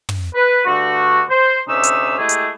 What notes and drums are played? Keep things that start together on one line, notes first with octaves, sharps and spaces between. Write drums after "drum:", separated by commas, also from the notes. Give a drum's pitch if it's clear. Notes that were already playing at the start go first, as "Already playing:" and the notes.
drum: tom
B4
G2 D3 A3 F#4
C5
D2 C3 C#4 D#4 E5 E6
drum: hi-hat
G#3 A3 E4 G4 G#4
drum: hi-hat